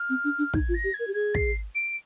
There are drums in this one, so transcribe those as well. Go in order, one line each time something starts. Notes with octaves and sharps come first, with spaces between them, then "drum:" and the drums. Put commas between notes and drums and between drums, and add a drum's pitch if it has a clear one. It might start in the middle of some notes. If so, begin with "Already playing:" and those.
Already playing: F6
C4
D4
D4
D#4 G#6, drum: kick
F4
A#6
G4
G#6
A#4
G4
G#4 G#6
C7, drum: kick
D7